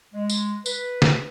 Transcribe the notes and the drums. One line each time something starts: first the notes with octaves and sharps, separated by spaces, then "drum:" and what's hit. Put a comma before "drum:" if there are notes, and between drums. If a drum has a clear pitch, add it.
G#3
drum: tambourine
B4, drum: tambourine
drum: snare